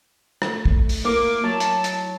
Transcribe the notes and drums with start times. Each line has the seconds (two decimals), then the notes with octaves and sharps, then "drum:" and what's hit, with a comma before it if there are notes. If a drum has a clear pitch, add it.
0.42 A3, drum: rim click
0.65 drum: kick
0.89 drum: open hi-hat
1.05 A#3 E4 A#4 D6
1.44 F#3 A5
1.60 drum: hi-hat
1.84 drum: hi-hat